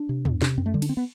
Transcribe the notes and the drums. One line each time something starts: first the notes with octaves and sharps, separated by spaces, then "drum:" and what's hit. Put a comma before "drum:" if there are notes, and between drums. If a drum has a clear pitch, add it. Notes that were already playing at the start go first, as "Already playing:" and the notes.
Already playing: D4
C3
E2, drum: tom
C3, drum: snare
F#2 C4
A3
D3 G3
D4, drum: cymbal
C4
B3